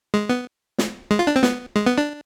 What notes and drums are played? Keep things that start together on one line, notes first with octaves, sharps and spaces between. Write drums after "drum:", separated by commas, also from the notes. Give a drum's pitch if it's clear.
G#3
B3
drum: snare
G#3
F4
D4
C4
B3, drum: snare
G#3
B3
D4